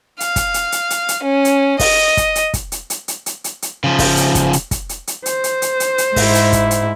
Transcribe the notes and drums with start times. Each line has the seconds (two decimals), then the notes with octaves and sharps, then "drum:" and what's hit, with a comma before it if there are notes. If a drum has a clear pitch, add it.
0.20 F5, drum: hi-hat
0.36 drum: kick, hi-hat
0.54 drum: hi-hat
0.72 drum: hi-hat
0.90 drum: hi-hat
1.08 drum: hi-hat
1.23 C#4
1.45 drum: hi-hat
1.79 D#5, drum: kick, open hi-hat
2.17 drum: kick, hi-hat
2.35 drum: hi-hat
2.54 drum: kick, hi-hat
2.72 drum: hi-hat
2.90 drum: hi-hat
3.08 drum: hi-hat
3.26 drum: hi-hat
3.44 drum: hi-hat
3.62 drum: hi-hat
3.84 C#3 F3
3.99 drum: kick, open hi-hat
4.17 drum: hi-hat
4.35 drum: kick, hi-hat
4.53 drum: hi-hat
4.71 drum: kick, hi-hat
4.89 drum: hi-hat
5.07 drum: hi-hat
5.26 C5, drum: hi-hat
5.44 drum: hi-hat
5.62 drum: hi-hat
5.80 drum: hi-hat
5.98 drum: hi-hat
6.16 G#2 E4, drum: kick, open hi-hat
6.34 drum: hi-hat
6.53 drum: kick, hi-hat
6.71 drum: hi-hat